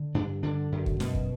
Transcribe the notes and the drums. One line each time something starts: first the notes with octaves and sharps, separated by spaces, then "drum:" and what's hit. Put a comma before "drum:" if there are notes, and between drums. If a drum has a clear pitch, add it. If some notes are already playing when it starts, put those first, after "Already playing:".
Already playing: D3
G2 D4
D3 D4
F#2
drum: kick
B2, drum: snare
drum: kick